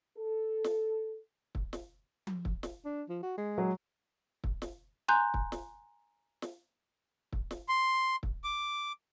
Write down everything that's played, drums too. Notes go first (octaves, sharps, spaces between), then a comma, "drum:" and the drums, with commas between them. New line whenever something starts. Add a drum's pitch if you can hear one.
A4
drum: snare
drum: kick
drum: snare
drum: tom F3
drum: kick
drum: snare
D4
F3
F#4
G#3
F#3
drum: kick
drum: snare
G#5 A#5 C6 F#6 G6
drum: kick
drum: snare
drum: snare
drum: kick
drum: snare
C6
drum: kick
D6